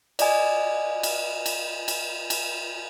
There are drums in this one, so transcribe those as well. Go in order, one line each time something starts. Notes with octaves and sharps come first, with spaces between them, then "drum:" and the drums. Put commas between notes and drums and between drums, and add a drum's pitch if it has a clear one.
D5 D#5 G#5, drum: cymbal
drum: cymbal
drum: cymbal
drum: cymbal
drum: cymbal